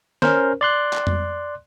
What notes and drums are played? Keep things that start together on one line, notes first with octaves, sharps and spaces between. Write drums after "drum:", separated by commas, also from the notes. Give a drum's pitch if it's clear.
C#4 A#4 C5, drum: snare
D5 C6 F#6
drum: clap
drum: tom F2